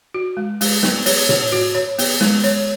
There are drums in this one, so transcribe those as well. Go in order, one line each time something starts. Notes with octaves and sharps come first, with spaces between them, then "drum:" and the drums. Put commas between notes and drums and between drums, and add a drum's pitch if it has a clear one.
F#4
G#3
G#3, drum: open hi-hat
B3, drum: snare
C#5, drum: open hi-hat
C#5, drum: tom A2
F#4
C#5
B3, drum: open hi-hat
G#3, drum: snare
C#5, drum: hi-hat